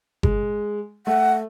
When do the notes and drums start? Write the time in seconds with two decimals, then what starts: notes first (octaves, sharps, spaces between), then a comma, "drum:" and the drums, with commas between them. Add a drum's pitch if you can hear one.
0.23 G#3, drum: kick G1
1.07 A3 F#5